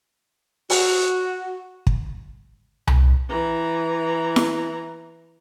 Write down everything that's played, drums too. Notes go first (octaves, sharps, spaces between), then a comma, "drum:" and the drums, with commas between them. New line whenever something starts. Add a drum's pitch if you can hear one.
F#4, drum: open hi-hat
drum: kick
drum: tom C2
E3 A#5
drum: snare E4